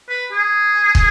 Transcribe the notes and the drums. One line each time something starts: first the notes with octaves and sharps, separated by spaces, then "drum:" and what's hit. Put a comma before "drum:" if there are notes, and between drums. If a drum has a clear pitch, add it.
B4
G#4
drum: kick